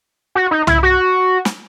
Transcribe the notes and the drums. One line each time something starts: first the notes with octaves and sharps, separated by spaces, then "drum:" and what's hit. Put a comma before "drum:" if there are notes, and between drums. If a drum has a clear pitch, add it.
F#4
D#4
E4, drum: tom C2
F#4
drum: snare